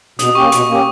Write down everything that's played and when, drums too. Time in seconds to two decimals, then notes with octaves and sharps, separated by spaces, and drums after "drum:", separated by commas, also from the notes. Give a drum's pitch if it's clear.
0.19 B2 D#6, drum: hi-hat
0.35 A#3 C#4 G4 C#6
0.52 B2, drum: hi-hat
0.69 A#3 C#4 G4